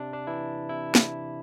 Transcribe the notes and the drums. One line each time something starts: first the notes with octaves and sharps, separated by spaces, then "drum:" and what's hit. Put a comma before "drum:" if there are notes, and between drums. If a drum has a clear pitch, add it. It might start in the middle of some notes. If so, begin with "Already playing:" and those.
Already playing: C3 D4
D4
E3 E4
C3 E4
drum: snare